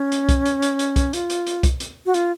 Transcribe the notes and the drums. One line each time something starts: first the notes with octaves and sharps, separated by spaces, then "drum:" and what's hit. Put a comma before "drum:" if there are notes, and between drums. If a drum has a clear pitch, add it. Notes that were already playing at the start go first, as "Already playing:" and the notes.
Already playing: C#4
drum: hi-hat
drum: kick C2, hi-hat
drum: hi-hat
drum: hi-hat
drum: hi-hat
drum: kick C2, hi-hat
F4, drum: hi-hat
drum: hi-hat
drum: hi-hat
drum: kick C2, hi-hat
drum: hi-hat
F#4
F4, drum: hi-hat